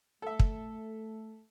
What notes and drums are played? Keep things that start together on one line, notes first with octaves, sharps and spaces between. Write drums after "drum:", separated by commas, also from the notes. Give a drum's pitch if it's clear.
A3 A4 E5
drum: kick